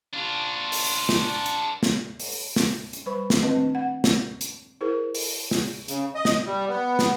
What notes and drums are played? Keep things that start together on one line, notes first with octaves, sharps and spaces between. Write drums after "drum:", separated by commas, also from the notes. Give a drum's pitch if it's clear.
D4 F4
drum: open hi-hat
drum: snare
drum: hi-hat
drum: snare
drum: open hi-hat
drum: snare
drum: hi-hat
G3 B4 C5 B5 C#6
drum: snare
D#3 A3 C4 D4 B4 D#5
F#5
drum: snare
drum: hi-hat
E4 G#4 A#4 C5
drum: open hi-hat
drum: snare
C#3, drum: hi-hat
D#5
drum: snare
G3
B3
drum: snare